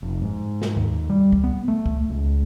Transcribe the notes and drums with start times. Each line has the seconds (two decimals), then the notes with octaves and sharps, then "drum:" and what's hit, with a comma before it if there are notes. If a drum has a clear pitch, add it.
0.02 F1
0.22 G#2
0.62 drum: snare
0.76 D#2
1.09 G3
1.32 drum: kick
1.44 B3
1.68 A3
1.86 drum: kick
2.09 C#2